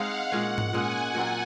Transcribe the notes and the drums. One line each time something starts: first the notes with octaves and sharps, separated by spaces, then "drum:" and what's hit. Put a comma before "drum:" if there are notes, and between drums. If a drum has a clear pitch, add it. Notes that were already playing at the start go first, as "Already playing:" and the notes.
Already playing: G#3 C4 D#4 F5 F#5
A#2 G#3 C#4
drum: tom G#2
A#2 G#3 C#4 G#5
A#2 F#3 C4 F4